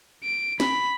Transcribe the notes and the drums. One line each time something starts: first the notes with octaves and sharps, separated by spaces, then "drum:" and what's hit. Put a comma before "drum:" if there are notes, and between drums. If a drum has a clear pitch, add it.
D7
B5, drum: snare